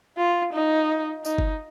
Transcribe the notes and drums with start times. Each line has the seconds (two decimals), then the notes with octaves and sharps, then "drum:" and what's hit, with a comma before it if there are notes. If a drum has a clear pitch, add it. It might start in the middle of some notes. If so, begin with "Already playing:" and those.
0.18 F4
0.53 D#4
1.25 D#4, drum: tambourine
1.38 drum: kick G1